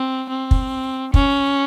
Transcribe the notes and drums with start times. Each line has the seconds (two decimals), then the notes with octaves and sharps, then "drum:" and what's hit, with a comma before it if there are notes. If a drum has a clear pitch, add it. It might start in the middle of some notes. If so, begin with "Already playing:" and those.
Already playing: C4
0.30 C4
0.51 drum: kick
1.14 C#4, drum: kick